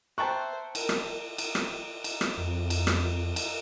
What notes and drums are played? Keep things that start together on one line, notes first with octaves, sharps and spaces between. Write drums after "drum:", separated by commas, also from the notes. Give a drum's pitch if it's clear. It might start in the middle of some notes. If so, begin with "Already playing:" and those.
C5 E5 G5 A5 A#5 C#6 F#6
A#4, drum: cymbal
drum: rim click
drum: cymbal
drum: rim click
drum: cymbal
drum: rim click
F2
drum: cymbal
drum: rim click
drum: cymbal